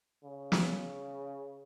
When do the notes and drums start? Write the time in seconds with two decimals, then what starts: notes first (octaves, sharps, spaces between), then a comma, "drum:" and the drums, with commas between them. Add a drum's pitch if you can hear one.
0.24 C#3
0.52 drum: snare